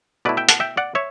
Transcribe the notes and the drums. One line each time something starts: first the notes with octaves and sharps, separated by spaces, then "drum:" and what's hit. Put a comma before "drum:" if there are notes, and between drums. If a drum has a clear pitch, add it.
B2 A3 E4 B4 D5
E5 G5
F#5 A5, drum: hi-hat
E5 G5
D5 F#5
C#5 E5